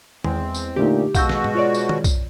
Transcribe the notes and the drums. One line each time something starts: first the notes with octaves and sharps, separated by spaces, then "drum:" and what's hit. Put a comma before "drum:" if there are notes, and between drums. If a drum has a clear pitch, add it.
E2 G#3 C4, drum: tom D#3
drum: tambourine
A#2 D3 A3 D#4 G4
B2 G#3 F#4 F5 F#5 E6 G6, drum: kick B1, tambourine
drum: snare
drum: tom G#2
F4 C#5 D5
drum: tambourine
drum: tom D#3
drum: kick B1, tambourine